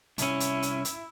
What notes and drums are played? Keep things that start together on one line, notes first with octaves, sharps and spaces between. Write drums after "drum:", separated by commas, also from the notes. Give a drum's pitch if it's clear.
C2 C#4 E4, drum: hi-hat
drum: hi-hat
drum: hi-hat
drum: hi-hat